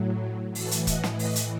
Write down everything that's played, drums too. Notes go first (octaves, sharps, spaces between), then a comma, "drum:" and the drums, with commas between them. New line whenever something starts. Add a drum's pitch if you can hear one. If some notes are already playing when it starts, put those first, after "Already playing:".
Already playing: A2 F#3
A2 E3 F#4 A4, drum: open hi-hat
drum: hi-hat
D#5 F#5, drum: kick, hi-hat
drum: snare
B4 D#5, drum: open hi-hat
drum: hi-hat